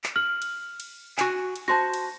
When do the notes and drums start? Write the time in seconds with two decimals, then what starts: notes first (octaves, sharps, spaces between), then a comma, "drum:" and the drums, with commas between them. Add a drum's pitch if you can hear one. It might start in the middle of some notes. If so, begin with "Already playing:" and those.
0.04 drum: clap
0.16 F6 F#7
0.42 drum: cymbal
0.80 drum: cymbal
1.18 F#4 G#5, drum: clap
1.56 drum: cymbal
1.68 F#4 C5 A5 C6 A#6
1.94 drum: cymbal